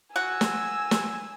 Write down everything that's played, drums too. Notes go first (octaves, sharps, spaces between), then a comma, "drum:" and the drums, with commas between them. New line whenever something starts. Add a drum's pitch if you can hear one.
F#4 G#5 E6
drum: snare
drum: snare